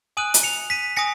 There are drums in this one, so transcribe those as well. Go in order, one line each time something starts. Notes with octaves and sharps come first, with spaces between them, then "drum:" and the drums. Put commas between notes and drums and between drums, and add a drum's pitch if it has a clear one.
G#5 D#6 F#6 D#7 F#7
drum: hi-hat
C#7 F7
B6 D#7
G#5 D#6 A#6 C#7